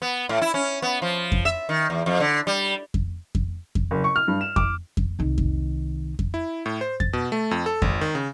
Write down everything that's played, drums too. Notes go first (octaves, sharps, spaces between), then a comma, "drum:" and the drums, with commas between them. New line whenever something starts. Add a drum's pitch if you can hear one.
B3
A2
E4
C#4
B3
F3
drum: kick F2
E5
D#3
E2
F2
D3
G3
drum: kick F2
drum: kick F2
drum: kick F2
F#1
C#6
F6
G2
E7
D6, drum: kick F2
drum: kick F2
C2 D#3
drum: kick F2
drum: kick F2
E4
A2
C5
A6, drum: kick F2
B2
A3
F2
A4
G#1, drum: kick F2
D#3
C#3